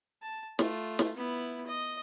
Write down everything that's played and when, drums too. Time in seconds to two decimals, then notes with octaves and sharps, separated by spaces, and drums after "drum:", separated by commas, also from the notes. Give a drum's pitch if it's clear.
0.22 A5
0.59 A3 F4, drum: snare
0.99 drum: snare
1.16 B3 E4
1.67 D#5